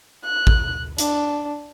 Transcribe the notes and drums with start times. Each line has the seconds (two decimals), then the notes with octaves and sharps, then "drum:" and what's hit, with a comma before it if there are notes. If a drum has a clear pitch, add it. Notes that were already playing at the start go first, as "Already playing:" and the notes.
0.25 F#6
0.47 drum: kick A1
0.98 D4, drum: hi-hat